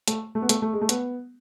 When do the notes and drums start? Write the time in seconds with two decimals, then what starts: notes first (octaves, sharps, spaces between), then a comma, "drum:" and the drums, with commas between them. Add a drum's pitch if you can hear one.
0.08 A3, drum: hi-hat
0.35 A3
0.42 B3
0.49 A3, drum: hi-hat
0.62 A3
0.73 G#3
0.81 A3
0.89 B3, drum: hi-hat